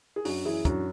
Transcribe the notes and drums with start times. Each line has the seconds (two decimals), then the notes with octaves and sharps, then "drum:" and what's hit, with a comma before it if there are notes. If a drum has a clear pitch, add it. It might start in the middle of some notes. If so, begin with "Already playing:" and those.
0.16 G#4
0.25 F#2 D4 F#4, drum: open hi-hat
0.45 E3 E4 G#4
0.65 F#2 D4 F#4, drum: kick, hi-hat